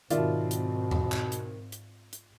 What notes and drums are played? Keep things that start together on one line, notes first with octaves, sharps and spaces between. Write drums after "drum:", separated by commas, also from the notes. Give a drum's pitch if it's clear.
G#2 B2 D#3 C4 F4 D5 E5, drum: hi-hat
drum: hi-hat
drum: tom E2
drum: clap
drum: hi-hat
drum: hi-hat
drum: hi-hat